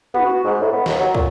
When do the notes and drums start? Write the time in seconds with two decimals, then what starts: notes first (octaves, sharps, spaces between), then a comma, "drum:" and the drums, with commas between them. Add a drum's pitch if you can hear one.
0.14 B3, drum: tom
0.26 F#4
0.45 G#2
0.61 A2
0.72 B3
0.86 D#2, drum: snare
1.00 F#3
1.15 A#2, drum: kick